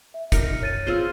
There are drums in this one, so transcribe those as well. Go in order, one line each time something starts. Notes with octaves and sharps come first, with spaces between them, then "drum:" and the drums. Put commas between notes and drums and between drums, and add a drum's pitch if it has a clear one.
E5
D#4 A#4 C#7, drum: kick, hi-hat
C#5 A6 D#7
F4 G#4 C5 E6 F6